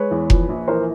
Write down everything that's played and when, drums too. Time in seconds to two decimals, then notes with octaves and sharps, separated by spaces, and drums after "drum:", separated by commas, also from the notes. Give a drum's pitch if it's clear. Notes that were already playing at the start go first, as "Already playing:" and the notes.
Already playing: G#3 B4 C#5
0.11 E2
0.30 F3, drum: kick F1
0.49 A#1
0.68 E3 A#4 C5